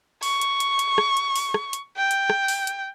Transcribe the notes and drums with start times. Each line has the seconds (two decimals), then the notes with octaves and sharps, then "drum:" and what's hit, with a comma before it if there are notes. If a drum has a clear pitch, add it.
0.23 C#6, drum: open hi-hat
0.41 drum: hi-hat
0.60 drum: hi-hat
0.79 drum: hi-hat
0.98 drum: rim click
1.17 drum: hi-hat
1.36 drum: open hi-hat
1.54 drum: rim click
1.73 drum: hi-hat
1.97 G5
2.11 drum: hi-hat
2.30 drum: rim click
2.48 drum: open hi-hat
2.67 drum: hi-hat